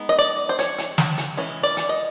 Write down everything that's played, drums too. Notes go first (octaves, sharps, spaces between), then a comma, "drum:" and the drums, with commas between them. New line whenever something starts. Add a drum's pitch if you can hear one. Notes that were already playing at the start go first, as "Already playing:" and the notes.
Already playing: G#3 B3 D#4
D#5
D5
C5
C#5, drum: hi-hat
drum: hi-hat
drum: snare
drum: hi-hat
E3 G#3 C#4
D5
drum: hi-hat
D#5